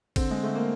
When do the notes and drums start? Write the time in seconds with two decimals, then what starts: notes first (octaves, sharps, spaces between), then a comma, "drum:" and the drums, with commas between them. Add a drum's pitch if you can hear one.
0.16 D3 C4, drum: kick, cymbal
0.31 G#3
0.42 D3 A3
0.55 A#3